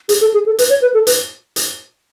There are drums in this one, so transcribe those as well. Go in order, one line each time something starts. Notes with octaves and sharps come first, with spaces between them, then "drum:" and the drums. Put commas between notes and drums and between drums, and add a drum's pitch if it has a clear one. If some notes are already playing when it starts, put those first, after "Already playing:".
G#4, drum: hi-hat
A4
G#4
A4
B4, drum: hi-hat
C#5
B4
A4
B4, drum: hi-hat
drum: hi-hat